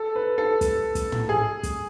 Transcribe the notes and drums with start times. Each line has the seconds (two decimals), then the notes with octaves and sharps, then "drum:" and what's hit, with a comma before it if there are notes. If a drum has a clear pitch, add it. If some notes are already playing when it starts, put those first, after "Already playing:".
Already playing: A4
0.16 B4
0.38 A4
0.61 drum: kick, hi-hat
0.95 drum: kick, hi-hat
1.12 drum: tom
1.29 G#4
1.63 drum: kick, hi-hat